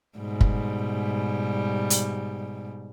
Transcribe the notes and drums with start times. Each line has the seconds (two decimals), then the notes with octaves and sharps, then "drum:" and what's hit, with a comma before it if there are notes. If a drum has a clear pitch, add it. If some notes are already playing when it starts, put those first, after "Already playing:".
0.19 G#2 B2 G3
0.41 drum: kick F#1
1.90 drum: hi-hat